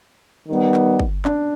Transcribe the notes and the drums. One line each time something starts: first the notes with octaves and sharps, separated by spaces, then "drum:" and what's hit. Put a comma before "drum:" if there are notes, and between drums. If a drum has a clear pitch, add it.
D#3 G3 B3
drum: clap
drum: kick G1
D4, drum: clap